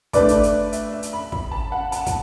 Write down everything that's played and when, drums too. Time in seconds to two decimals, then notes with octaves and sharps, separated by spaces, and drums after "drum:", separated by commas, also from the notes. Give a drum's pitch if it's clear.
0.13 A3 D4 B4 D5 D6, drum: kick, hi-hat
0.28 drum: hi-hat
0.43 drum: hi-hat
0.73 E5, drum: hi-hat
0.92 E5
1.03 drum: hi-hat
1.13 B5
1.32 B5, drum: kick
1.52 A5
1.72 F#5
1.92 A5, drum: hi-hat
2.06 drum: kick, hi-hat